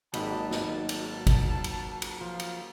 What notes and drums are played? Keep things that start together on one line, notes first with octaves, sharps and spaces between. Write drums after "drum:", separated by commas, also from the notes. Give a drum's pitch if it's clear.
G#1 G#2 F#3 A#3 G4 A5 B5, drum: cymbal
drum: snare
drum: cymbal
drum: kick G#1, cymbal
drum: cymbal
drum: cymbal
F3 F4
drum: cymbal